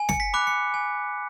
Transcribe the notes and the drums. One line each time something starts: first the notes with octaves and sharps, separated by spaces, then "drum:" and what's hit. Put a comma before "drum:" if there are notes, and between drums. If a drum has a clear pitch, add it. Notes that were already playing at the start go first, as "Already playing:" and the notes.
Already playing: G#5
C#7, drum: snare
B6
B5 D6 F#6
C#7
G#5